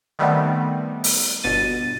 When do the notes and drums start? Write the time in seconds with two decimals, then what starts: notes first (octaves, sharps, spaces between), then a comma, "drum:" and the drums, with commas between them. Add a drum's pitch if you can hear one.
0.19 D#3 G3 A3 B3 C4
1.04 drum: open hi-hat
1.43 G1 B2 A6 D#7